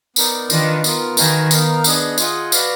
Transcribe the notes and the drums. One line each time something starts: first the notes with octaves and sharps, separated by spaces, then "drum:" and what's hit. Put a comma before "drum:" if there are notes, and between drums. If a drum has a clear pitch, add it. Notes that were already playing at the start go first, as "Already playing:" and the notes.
B3 D#4 A#4 D5, drum: tambourine
D#3 D4 F4 B4 D5 F5, drum: tambourine
B3 F4 A#4, drum: tambourine
D#3 D#4 F#4 B4 F5 G#5, drum: tambourine
B3 D#4 A#4 F5, drum: tambourine
B3 D4 G#4 D#5, drum: tambourine
F4 G#4 D#5 F#5, drum: tambourine
F#4 B4 D5 F5, drum: tambourine